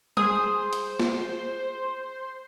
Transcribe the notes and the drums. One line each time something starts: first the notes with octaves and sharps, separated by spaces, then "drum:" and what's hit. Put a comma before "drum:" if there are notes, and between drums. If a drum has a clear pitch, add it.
G#4 C5 D#6, drum: tom G3
drum: hi-hat
drum: snare